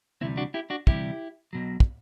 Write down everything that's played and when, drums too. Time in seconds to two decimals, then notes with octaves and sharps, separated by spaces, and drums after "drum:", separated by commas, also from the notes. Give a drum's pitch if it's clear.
0.21 D2 C3 E3 G3 C4 E4
0.37 D4 F#4
0.54 E4 G4
0.70 D4 F#4
0.87 D2 C3 E3 G3 E4 G4, drum: kick
1.53 B1 B2 F#3
1.80 drum: kick